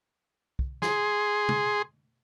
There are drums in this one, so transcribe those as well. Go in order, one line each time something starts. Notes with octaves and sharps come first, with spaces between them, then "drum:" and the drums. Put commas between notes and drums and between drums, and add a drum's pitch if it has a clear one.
drum: kick
G#4 C6, drum: snare
drum: tom